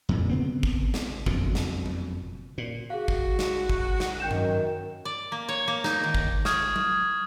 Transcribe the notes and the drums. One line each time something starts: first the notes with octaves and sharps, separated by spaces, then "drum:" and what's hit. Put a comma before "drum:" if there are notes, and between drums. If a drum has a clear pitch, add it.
F2 A#2 D3
C#3 B3 C4
drum: kick G#1
drum: snare
F#1 F2 B2 D3, drum: kick G#1
drum: snare
drum: tom F#3
A#2
F#4 G#4 F5
drum: kick G#1
drum: snare
drum: kick G#1
drum: snare
F#2 D#3 G5 G6 E7
drum: tom G2
D5
A#3
C#5
A#3
D#4, drum: snare
D#3
drum: kick G#1
C#6 D#6 F6 G#6, drum: snare
drum: tom F#3